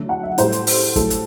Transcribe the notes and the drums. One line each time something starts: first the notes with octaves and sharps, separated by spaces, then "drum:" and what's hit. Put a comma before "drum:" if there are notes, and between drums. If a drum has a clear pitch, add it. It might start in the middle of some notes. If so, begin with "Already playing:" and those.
Already playing: D3 F#3 A3
F#5
E5
A2 G3 C5, drum: hi-hat
drum: hi-hat
drum: open hi-hat
A2 F#3 A3 A4, drum: kick, hi-hat
drum: hi-hat